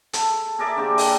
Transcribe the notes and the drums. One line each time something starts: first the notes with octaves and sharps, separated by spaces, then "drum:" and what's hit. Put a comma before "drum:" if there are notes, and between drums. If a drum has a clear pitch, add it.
A4, drum: hi-hat
G#4 A#4 D5 E5
D3 A#3 C4 G4
drum: open hi-hat